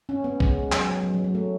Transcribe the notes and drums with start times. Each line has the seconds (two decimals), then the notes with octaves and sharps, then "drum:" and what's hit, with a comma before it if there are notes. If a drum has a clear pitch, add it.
0.09 C#4
0.24 B3
0.40 G#3, drum: kick
0.72 F#3, drum: clap
0.88 F#3
1.03 F#3
1.14 F#3
1.24 F#3
1.35 A3